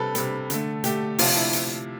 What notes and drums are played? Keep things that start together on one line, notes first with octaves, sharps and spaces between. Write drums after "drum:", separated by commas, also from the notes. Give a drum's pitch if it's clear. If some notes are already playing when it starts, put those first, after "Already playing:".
Already playing: C3 G3 A4 B4
C3 G3 A4, drum: hi-hat
D3 A3, drum: hi-hat
D3 A3 G4, drum: hi-hat
C3 F3 A3 F4, drum: open hi-hat
E4
drum: hi-hat